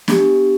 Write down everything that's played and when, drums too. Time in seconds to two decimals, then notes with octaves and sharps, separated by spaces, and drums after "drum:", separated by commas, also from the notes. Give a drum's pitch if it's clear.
0.08 B3 D4 G4, drum: snare